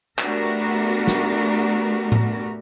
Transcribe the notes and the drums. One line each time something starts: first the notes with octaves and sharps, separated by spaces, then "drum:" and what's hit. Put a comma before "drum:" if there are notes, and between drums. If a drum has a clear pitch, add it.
A3 B3 D4 F#4 G4 A#4, drum: clap
drum: snare
drum: tom A2